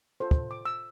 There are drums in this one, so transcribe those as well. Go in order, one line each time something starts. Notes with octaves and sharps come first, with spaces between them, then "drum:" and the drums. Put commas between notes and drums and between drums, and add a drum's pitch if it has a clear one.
F4 A4 C5
drum: kick
D6
E6